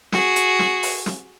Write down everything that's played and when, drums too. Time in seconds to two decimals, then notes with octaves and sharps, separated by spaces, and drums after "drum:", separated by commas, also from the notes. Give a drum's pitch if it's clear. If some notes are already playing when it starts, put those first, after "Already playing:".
0.12 F#4 G#4, drum: snare
0.36 drum: hi-hat
0.59 drum: snare
0.83 drum: open hi-hat
1.06 drum: snare